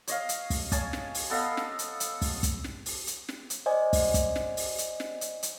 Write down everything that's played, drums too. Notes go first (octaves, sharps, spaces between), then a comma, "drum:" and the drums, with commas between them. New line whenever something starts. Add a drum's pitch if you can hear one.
C#5 D#5 F5, drum: hi-hat
drum: hi-hat
drum: kick, open hi-hat
C#5 G#5 A5 D#6, drum: kick, hi-hat
drum: snare
drum: open hi-hat
B3 A4 D#5 F5
drum: snare
drum: hi-hat
drum: hi-hat
drum: kick, open hi-hat
drum: kick, hi-hat
drum: snare
drum: open hi-hat
drum: hi-hat
drum: snare
drum: hi-hat
C5 D5 D#5 G#5
drum: kick, open hi-hat
drum: kick, hi-hat
drum: snare
drum: open hi-hat
drum: hi-hat
drum: snare
drum: hi-hat
drum: hi-hat